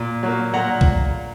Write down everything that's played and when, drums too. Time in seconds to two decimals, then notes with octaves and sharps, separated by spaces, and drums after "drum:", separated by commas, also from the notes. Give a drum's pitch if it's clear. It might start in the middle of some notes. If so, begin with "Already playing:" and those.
Already playing: A#2
0.23 F#3 A#3
0.53 A#2 F#5 A#5
0.81 drum: kick B1